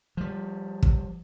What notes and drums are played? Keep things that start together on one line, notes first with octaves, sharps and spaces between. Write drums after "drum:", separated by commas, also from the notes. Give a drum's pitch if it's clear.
F3 G3
drum: kick